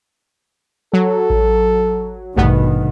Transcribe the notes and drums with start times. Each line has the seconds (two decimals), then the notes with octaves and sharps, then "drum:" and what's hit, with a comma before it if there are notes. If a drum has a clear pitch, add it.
0.93 F#3 A4
1.30 drum: kick A1
2.36 D2 G2 B2 D#3 B3, drum: kick A1